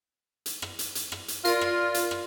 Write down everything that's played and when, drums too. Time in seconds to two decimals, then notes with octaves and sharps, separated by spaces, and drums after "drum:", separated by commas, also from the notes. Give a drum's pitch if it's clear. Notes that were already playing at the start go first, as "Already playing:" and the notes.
0.46 drum: hi-hat
0.62 drum: rim click
0.79 drum: hi-hat
0.95 drum: hi-hat
1.12 drum: rim click
1.28 drum: hi-hat
1.45 F4 A#4 D5, drum: hi-hat
1.61 drum: rim click
1.94 drum: hi-hat
2.11 drum: rim click